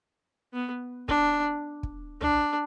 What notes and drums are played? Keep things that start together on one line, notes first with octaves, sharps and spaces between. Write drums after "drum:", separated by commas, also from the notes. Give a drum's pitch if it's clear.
B3
D4, drum: kick
drum: kick
D4, drum: tom B1